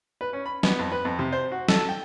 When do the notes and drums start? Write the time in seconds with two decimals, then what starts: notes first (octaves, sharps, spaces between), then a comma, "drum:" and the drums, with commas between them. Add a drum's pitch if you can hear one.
0.21 B4
0.33 C#4
0.46 B5
0.63 B3, drum: snare
0.79 F2
0.92 B4
1.05 F2
1.19 C3
1.33 C5
1.52 F#4
1.69 A4, drum: snare
1.89 G5